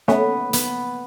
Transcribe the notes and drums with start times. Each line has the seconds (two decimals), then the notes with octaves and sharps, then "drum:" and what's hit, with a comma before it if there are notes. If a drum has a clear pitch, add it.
0.08 A3 B3 C#4, drum: snare
0.53 B3, drum: hi-hat